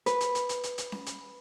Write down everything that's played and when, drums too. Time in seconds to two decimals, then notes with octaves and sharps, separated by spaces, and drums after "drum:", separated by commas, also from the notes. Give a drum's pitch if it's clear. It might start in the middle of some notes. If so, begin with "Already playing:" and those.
0.06 B4, drum: hi-hat
0.21 drum: hi-hat
0.35 drum: hi-hat
0.49 drum: hi-hat
0.63 drum: hi-hat
0.78 drum: hi-hat
0.92 drum: snare C#4
1.06 drum: hi-hat